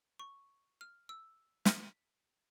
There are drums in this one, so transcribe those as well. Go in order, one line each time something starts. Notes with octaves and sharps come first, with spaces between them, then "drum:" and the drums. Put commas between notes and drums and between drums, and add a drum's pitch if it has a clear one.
C#6
F6
E6
B6, drum: snare